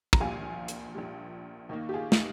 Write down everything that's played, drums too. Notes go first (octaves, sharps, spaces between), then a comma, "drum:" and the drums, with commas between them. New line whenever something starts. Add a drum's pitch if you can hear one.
A#5, drum: kick
A#1 A#2 G3 F5 G#5
drum: hi-hat
A#1 A#2 G3
D#2 D#3 A#3
G4
F4 G#4
D#4, drum: snare